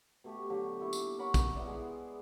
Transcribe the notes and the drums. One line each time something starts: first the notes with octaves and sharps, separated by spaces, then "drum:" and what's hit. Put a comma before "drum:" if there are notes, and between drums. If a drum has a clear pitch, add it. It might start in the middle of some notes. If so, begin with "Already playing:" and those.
B2 A3 G4
D3 F#3 G4
A#2 E4 C#6
drum: tambourine
A#4 C#5 F#5 B5
drum: kick, tambourine
B3 E4 D5
G#3